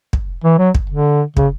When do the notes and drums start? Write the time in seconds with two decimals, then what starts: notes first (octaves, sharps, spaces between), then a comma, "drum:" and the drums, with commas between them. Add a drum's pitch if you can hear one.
0.13 drum: kick
0.44 E3
0.59 F#3
0.75 drum: kick
0.90 D3
1.37 C#3, drum: kick